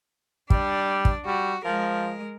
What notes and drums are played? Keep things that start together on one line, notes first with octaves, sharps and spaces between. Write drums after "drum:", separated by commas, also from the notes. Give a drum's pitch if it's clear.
G3 D4 D5, drum: kick
drum: kick
G3 F#4
F3 G#3 A#4